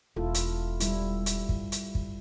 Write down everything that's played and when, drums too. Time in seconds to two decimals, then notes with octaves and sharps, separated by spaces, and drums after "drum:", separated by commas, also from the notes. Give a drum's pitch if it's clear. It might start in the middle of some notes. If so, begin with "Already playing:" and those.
0.16 E1 E4 F4 A4
0.34 drum: hi-hat
0.80 G3 E4, drum: hi-hat
1.26 drum: hi-hat
1.49 drum: kick
1.72 drum: hi-hat
1.95 drum: kick